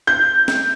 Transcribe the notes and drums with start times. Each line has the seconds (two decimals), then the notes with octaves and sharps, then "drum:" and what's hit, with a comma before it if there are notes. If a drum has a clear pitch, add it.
0.07 G6
0.48 drum: snare